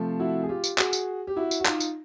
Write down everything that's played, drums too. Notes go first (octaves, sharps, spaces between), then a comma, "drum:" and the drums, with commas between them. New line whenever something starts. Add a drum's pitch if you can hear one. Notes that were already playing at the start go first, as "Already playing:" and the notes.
Already playing: C3 F3 A3 C4
E4 F#4
G#4
F4 G4
drum: tambourine
F#4 G#4, drum: clap
drum: tambourine
G4
E4 F#4
drum: tambourine
F#4
D#4 F4, drum: clap
drum: tambourine